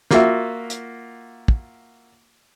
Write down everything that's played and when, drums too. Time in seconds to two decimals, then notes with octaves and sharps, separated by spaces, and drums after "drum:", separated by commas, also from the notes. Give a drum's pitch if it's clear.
0.11 A#3 F4 F#4 E5, drum: snare
0.70 drum: hi-hat
1.48 drum: kick